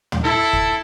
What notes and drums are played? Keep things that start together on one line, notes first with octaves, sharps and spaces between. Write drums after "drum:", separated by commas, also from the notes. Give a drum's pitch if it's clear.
drum: tom
E4 A4
drum: kick